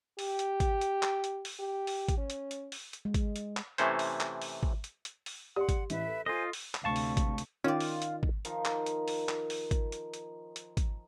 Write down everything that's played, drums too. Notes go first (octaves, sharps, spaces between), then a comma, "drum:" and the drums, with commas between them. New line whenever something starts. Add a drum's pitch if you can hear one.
G4, drum: open hi-hat
drum: hi-hat
drum: kick, hi-hat
drum: hi-hat
drum: clap
drum: hi-hat
drum: open hi-hat
G4
drum: open hi-hat
drum: kick, hi-hat
C#4
drum: hi-hat
drum: hi-hat
drum: open hi-hat
drum: hi-hat
G#3
drum: kick, hi-hat
drum: hi-hat
drum: clap
C3 E3 A3 C#4 C5, drum: hi-hat
drum: open hi-hat
drum: clap
drum: open hi-hat
drum: kick
drum: hi-hat
drum: hi-hat
drum: open hi-hat
G4 D5 F#5 C6
drum: kick, hi-hat
A1 E3 B4 E5, drum: hi-hat
A4
F4 A4 C5 D#5 G#5
drum: open hi-hat
drum: clap
D2 C3 F5 A5 C#6
drum: open hi-hat
drum: kick, hi-hat
drum: hi-hat
D#3 C#4 F4 D5
drum: open hi-hat
drum: hi-hat
drum: kick
D#3 F3 D#4 F5, drum: hi-hat
drum: clap
drum: hi-hat
drum: open hi-hat
drum: clap
drum: open hi-hat
drum: kick, hi-hat
drum: hi-hat
drum: hi-hat
drum: hi-hat
drum: kick, hi-hat